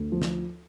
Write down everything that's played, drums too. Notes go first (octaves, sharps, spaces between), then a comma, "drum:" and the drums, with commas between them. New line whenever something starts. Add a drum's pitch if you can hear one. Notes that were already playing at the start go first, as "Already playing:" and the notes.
Already playing: D2
F3
drum: snare